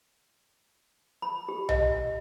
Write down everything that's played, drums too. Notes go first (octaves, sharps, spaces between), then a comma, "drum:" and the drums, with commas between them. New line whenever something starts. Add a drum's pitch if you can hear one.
B5
G4
D#5, drum: tom B1